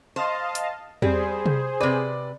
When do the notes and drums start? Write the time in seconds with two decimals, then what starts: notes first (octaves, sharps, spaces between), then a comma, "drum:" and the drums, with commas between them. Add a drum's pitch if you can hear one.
0.16 C5 D#5 F5 A5
0.55 drum: hi-hat
1.02 G3 C4 G#4 C5, drum: tom E2
1.46 drum: tom C3
1.81 C3 B4 D5